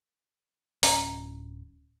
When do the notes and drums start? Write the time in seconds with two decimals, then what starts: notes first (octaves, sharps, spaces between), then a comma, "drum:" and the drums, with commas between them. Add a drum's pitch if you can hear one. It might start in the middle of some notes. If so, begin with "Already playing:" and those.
0.83 D1 C#4 A#5, drum: open hi-hat